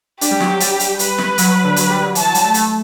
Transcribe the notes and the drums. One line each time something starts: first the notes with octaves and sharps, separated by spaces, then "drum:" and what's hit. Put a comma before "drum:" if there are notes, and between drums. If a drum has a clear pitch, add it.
D4 G4, drum: hi-hat
G3
F#3, drum: snare
F#3
G3, drum: hi-hat
drum: hi-hat
B4, drum: hi-hat
drum: snare
F#3, drum: hi-hat
F#3
D3
F#3, drum: hi-hat
G3
F#3
E3 A5, drum: hi-hat
F#3
G3, drum: hi-hat
A3
A3, drum: hi-hat